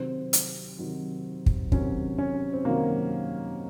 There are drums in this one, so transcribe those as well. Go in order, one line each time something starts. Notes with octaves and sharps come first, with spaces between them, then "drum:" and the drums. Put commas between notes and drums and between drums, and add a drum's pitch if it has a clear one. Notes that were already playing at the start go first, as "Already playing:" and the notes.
Already playing: C3 D#3 F#3 C4
drum: hi-hat
C3 D#3 F#3
drum: kick
C3 D#3 F#3 C#4, drum: kick
C#4
C4
C3 D#3 F#3 A#3